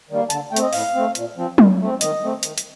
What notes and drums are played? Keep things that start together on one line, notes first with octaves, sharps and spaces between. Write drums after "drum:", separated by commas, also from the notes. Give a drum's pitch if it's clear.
D#3 G3 A#3
D3 A5, drum: hi-hat
A3 G5
C4, drum: hi-hat
D#5
A2 F5, drum: open hi-hat
A3 C4
A#2, drum: hi-hat
F3 C4
D#3, drum: tom F#3
A3 C4
D#3 D#5, drum: hi-hat
A3 C4
D#3, drum: hi-hat
drum: hi-hat